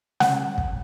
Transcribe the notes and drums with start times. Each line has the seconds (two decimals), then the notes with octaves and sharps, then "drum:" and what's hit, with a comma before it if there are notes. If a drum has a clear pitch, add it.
0.20 F#5, drum: snare
0.58 drum: kick